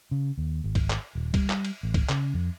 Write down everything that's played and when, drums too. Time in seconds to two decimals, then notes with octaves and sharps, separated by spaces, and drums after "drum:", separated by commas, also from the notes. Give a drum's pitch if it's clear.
0.11 C#3
0.38 D#2
0.64 G#1
0.75 drum: kick C2, cymbal
0.90 drum: clap
1.15 D#1
1.34 G3, drum: kick C2, cymbal
1.50 drum: clap
1.65 drum: cymbal
1.83 A1
1.94 drum: kick C2, cymbal
2.09 C#3, drum: clap
2.34 F2